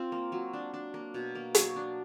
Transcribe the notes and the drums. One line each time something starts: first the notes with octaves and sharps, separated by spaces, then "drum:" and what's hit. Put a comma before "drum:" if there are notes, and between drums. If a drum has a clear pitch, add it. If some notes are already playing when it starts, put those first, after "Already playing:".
Already playing: C4 F4
A#3
F#3
D4
D4
A#3
B2
A#3
F#3, drum: hi-hat
D4